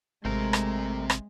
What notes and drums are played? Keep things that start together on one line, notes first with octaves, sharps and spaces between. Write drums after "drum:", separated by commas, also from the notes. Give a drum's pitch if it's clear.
A1 C3 G#3 A3 C4 A#4
drum: rim click
drum: rim click